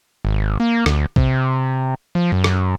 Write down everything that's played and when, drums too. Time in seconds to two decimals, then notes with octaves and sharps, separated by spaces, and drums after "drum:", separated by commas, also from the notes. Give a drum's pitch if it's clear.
0.25 G#1
0.60 A#3
0.86 D2, drum: rim click
1.16 C3, drum: kick A#1
2.15 F3
2.32 F#2
2.44 drum: rim click